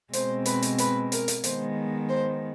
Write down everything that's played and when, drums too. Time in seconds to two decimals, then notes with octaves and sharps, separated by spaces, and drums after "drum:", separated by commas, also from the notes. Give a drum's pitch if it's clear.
0.13 B2 G#3 C4 C5, drum: hi-hat
0.46 B4, drum: hi-hat
0.62 drum: hi-hat
0.78 B4, drum: hi-hat
1.12 A#4, drum: hi-hat
1.28 drum: hi-hat
1.44 D#3 G#3 B3 C5, drum: hi-hat
2.09 C5